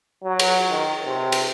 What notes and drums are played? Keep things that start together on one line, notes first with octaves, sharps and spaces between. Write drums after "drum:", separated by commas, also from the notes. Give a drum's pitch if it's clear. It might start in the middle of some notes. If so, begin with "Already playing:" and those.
F#3
drum: cymbal
D#3
C3
drum: cymbal